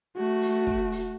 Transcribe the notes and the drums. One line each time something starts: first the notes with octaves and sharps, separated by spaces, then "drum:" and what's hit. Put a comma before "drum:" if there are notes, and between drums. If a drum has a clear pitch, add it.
A3 F#4
drum: open hi-hat
drum: kick, hi-hat
drum: open hi-hat